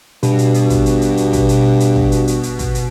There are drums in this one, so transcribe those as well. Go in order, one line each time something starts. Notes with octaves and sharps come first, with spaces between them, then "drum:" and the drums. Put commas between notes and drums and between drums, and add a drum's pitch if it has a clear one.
G2 B2, drum: hi-hat
drum: hi-hat
drum: hi-hat
drum: kick, hi-hat
drum: hi-hat
drum: hi-hat
drum: hi-hat
drum: kick, hi-hat
drum: hi-hat
drum: hi-hat
drum: kick
drum: hi-hat
drum: hi-hat
drum: hi-hat
drum: kick, hi-hat
drum: hi-hat